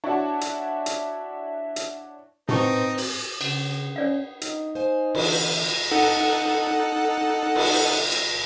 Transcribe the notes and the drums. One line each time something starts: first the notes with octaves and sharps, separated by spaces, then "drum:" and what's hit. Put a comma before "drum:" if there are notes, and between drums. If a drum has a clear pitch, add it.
D4 E4 F#4 C#5 A5
E5, drum: hi-hat
drum: hi-hat
drum: hi-hat
C4 D#4 B4 A5 C#6, drum: tom A2
drum: open hi-hat
C#3, drum: cymbal
C#4 C#5 D5 F5
D#4, drum: hi-hat
C5 F5 G#5
D3 E3, drum: cymbal
D#4 A4 F#5
drum: cymbal
drum: hi-hat